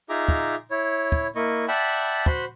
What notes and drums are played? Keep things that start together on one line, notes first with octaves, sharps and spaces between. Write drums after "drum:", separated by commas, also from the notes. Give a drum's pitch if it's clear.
D#4 F4 G#4 E5 A#5 D6
drum: kick
E4 C#5
drum: kick
A#3 E4 D#5 C#6
D5 E5 F#5 G5 A5 B5
F#4 C5 B5 C6, drum: kick